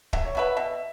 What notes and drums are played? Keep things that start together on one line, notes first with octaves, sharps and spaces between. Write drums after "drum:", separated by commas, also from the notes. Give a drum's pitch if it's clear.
F#3 E5, drum: kick
C#5
B3 F#4 B4 E5
B2 E5